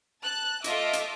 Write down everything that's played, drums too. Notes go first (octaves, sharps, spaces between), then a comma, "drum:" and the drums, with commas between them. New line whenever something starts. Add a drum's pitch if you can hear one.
A5 F#6
A3 F4 D#5 E5 D6, drum: hi-hat
drum: hi-hat